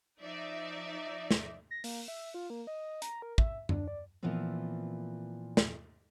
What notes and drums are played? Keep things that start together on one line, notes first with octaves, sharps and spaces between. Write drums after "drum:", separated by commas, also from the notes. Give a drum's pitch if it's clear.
F3 D#4 D5 E5
drum: snare
A#6
A#3, drum: open hi-hat
E5
F4
A#3
D#5
A#5, drum: hi-hat
A#4
E5, drum: kick
D4, drum: tom F#2
D5
A#2 E3 F3 B3 C4
drum: snare